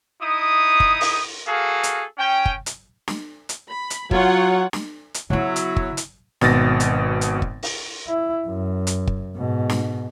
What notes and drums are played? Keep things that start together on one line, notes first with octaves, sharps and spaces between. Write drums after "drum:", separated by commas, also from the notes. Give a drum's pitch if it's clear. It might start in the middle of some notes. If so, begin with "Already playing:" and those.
D#4 E4 D#6
drum: kick
drum: open hi-hat
A#3 F#4 G#4 A4 F5
drum: hi-hat
C#4 G5
drum: kick
drum: hi-hat
drum: snare
drum: hi-hat
B5
drum: hi-hat
F#3 F4 C#5 F#5, drum: kick
drum: snare
drum: hi-hat
C#3 F#3 B3 E4
drum: hi-hat
drum: kick
drum: hi-hat
G#1 B2 A6 A#6, drum: snare
drum: hi-hat
drum: hi-hat
drum: kick
drum: open hi-hat
E4
F#2
drum: hi-hat
drum: kick
G#2 B2
drum: snare